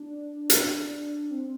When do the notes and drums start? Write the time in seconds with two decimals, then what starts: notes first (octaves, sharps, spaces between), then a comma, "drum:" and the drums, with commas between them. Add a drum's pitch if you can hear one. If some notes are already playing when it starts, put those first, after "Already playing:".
Already playing: D4
0.50 drum: hi-hat
1.31 C4